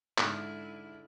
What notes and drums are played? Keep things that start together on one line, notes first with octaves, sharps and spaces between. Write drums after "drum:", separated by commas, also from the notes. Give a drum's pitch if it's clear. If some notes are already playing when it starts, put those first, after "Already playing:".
G#2 D3 E4 F6, drum: clap